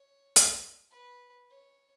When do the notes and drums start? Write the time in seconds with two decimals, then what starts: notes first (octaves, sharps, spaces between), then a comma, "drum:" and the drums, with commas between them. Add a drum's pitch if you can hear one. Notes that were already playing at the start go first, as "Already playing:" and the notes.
Already playing: C#5
0.36 drum: hi-hat
0.90 B4
1.50 C#5